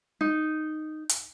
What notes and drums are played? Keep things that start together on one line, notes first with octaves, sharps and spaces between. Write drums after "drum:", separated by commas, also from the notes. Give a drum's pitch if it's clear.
D#4
drum: hi-hat